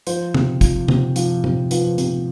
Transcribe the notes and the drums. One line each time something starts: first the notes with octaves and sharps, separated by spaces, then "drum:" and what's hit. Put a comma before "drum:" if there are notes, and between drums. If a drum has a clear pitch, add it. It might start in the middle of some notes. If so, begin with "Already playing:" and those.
F3 C5, drum: hi-hat
C3, drum: tom
F3, drum: kick, hi-hat
C3, drum: tom
F3, drum: hi-hat
C3, drum: tom A2
F3 B4, drum: hi-hat
C3, drum: hi-hat